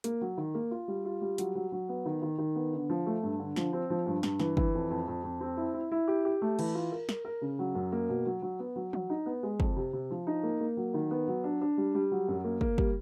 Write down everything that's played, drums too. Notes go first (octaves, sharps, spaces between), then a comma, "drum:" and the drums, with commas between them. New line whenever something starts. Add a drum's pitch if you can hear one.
A#3, drum: hi-hat
F#3
D#3
A#3
F4
G3
F4
G3
F#3, drum: hi-hat
F#3
F#3
B3
D#3
D#3
D#3
B3
D3
F3
A3
G2
D3
F3, drum: snare
C4
F3
G2
G2, drum: snare
E3, drum: snare
E3, drum: kick
F2
F2
F2
F2
C4
E4
E4
E4
G4
G4
A3
E3, drum: cymbal
F4
A#4
A#4, drum: snare
A#4
C#3
F#3
F#2
A#3
B2
F#3
F#3
B3
F#3
F#3, drum: tom E3
D#4
B3
G#3
F2, drum: kick
C3
C3
F3
D#4
A#3
A#3
F#3
D#3
B3
F#3
D4
D4
G3
G3
F#3
F#2
A#3
A#3, drum: kick
G3, drum: kick